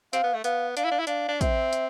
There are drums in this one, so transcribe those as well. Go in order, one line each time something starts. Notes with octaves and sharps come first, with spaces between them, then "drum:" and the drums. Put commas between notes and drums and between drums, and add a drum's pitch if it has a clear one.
C4 F5, drum: hi-hat
B3
A3
B3 F5, drum: hi-hat
D4 F5, drum: hi-hat
E4
D4
E4
D4 F5, drum: hi-hat
D4
C4 E5, drum: kick, hi-hat
drum: hi-hat